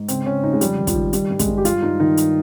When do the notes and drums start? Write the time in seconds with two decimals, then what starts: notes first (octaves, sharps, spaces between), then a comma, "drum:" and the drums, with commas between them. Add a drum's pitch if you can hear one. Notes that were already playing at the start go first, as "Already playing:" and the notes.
Already playing: G#2
0.08 C#3 C4, drum: hi-hat
0.26 C#3 C#4
0.43 C#3 D#4
0.53 G#3
0.61 F2 G3, drum: hi-hat
0.78 D#3
0.87 F3, drum: kick, hi-hat
0.95 D#3
1.13 D#3 G3, drum: hi-hat
1.30 G2
1.39 G#3, drum: kick, hi-hat
1.48 G2
1.58 G4
1.65 G2 F4, drum: hi-hat
1.82 G2 D#4
2.00 D#3 D#4
2.17 drum: hi-hat